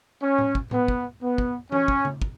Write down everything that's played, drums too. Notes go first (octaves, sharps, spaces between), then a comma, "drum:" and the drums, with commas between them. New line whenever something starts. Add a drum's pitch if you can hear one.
C#4
drum: tom A2
drum: kick
B3, drum: tom A2
drum: kick
B3
drum: kick
C#4, drum: tom E3
drum: kick
drum: tom C#3
drum: kick